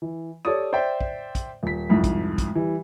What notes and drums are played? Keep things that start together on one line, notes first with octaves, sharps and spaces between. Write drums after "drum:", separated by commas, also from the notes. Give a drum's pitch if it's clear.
E3
G4 A4 C#5 D5 D#6
C5 D5 E5 G5
drum: kick
drum: kick, hi-hat
D#1 B6
C2 F2 G#2
drum: kick, hi-hat
drum: kick, hi-hat
E3 G3